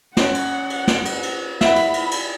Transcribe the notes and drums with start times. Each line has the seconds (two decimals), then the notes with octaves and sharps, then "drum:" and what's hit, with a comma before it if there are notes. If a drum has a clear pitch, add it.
0.17 C#4 C#5 F#5, drum: snare
0.34 drum: cymbal
0.70 drum: cymbal
0.87 drum: snare
1.05 drum: cymbal
1.23 drum: cymbal
1.61 E4 E5 F#5 B5, drum: snare
1.76 drum: cymbal
1.94 drum: cymbal
2.11 drum: cymbal